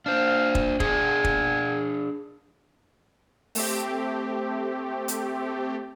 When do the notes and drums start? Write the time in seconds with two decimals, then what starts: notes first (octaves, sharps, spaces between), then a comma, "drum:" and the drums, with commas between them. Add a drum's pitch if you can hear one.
0.06 D4 C5 F5
0.55 drum: kick
0.80 D4 G#4 D5 G#5, drum: kick
1.24 drum: kick
3.55 A3 C4 G4, drum: open hi-hat
5.08 drum: hi-hat